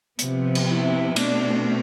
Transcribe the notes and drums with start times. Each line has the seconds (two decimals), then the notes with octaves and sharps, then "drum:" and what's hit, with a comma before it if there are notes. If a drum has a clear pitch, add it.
0.19 C3 F3 B3, drum: hi-hat
0.55 drum: cymbal
0.68 E4
1.16 B2 A3 C4 D4, drum: cymbal